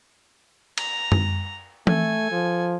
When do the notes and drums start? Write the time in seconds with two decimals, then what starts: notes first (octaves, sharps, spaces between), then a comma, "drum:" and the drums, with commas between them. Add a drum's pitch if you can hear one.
0.78 A#5, drum: cymbal
1.12 drum: tom F#2
1.87 A3 A4 G#5, drum: tom E3
2.31 F3